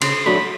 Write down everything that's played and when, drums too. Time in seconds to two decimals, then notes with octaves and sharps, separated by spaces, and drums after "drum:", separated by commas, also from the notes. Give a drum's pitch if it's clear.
0.02 C#3 C6, drum: cymbal
0.26 F#3 A3 D4 F#4 B5